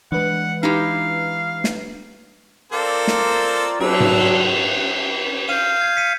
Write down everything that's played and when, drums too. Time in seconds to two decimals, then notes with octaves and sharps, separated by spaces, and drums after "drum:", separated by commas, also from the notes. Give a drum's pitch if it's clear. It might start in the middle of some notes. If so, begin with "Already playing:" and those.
0.12 E3 G#3 D4 B4 F#5
0.63 D#4 E4 G4 F5
1.64 drum: snare
2.72 C4 F4 A4 A#4 C5 D5
3.07 drum: snare
3.80 F#3 D4 E4 B4 E6, drum: cymbal
4.00 drum: tom G#2
5.49 F5 G6 D#7
5.81 G#6 C7
5.97 B6 C#7 D#7